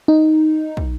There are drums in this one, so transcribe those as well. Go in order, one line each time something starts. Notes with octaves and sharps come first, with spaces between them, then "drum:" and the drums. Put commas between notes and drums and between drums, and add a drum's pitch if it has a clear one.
D#4
drum: kick